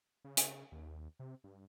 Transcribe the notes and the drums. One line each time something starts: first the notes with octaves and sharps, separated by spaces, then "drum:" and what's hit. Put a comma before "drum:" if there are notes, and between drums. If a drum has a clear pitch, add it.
C#3
drum: hi-hat
D#2
C3
G2